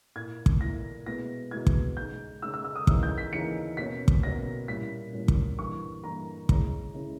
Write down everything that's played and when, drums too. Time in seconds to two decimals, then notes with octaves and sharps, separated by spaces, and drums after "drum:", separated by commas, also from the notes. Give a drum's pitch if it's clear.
0.16 A#2 A#3 E4 G#6
0.46 drum: kick
0.61 A#2 A#3 E4 A#6
1.06 B2 G#3 B3 E4 A#6
1.51 B2 G#3 B3 E4 G#6
1.67 drum: kick
1.97 C#3 G#3 D#4 G6
2.42 C#3 G#3 D#4 E6
2.54 E6
2.64 E6
2.76 D#6
2.87 D#2 C#3 E3 A#3 D#4 E6, drum: kick
3.03 G6
3.18 B6
3.32 D#2 C#3 E3 A#3 D#4 C#7
3.77 B2 A#3 C#4 B6
4.08 drum: kick
4.23 B2 A#3 C#4 A#6
4.68 A#2 G3 C#4 E4 B6
5.13 A#2 G3 C#4 E4
5.28 drum: kick
5.59 G2 E3 A#3 C#6
6.04 G2 E3 A#3 A#5
6.49 C#3 G#3 C#4 E4 A#5, drum: kick
6.94 C#3 G#3 C#4 E4